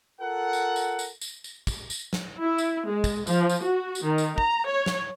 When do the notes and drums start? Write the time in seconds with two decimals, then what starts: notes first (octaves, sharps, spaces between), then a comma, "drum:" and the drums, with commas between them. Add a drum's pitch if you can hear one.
0.21 F4 A4 A#4 F#5
0.53 drum: tambourine
0.76 drum: tambourine
0.99 drum: tambourine
1.22 drum: tambourine
1.44 drum: tambourine
1.67 drum: kick, tambourine
1.90 drum: tambourine
2.13 drum: snare
2.41 E4
2.58 drum: tambourine
2.89 G#3
3.04 drum: kick, tambourine
3.27 F3, drum: tambourine
3.50 drum: tambourine
3.63 F#4
3.95 drum: tambourine
4.04 D#3
4.18 drum: tambourine
4.38 A#5, drum: kick
4.68 C#5
4.86 drum: snare